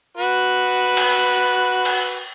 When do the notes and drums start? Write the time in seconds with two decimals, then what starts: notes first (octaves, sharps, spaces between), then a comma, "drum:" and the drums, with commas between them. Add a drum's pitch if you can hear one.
0.17 F#4 B4
0.97 drum: cymbal
1.85 drum: cymbal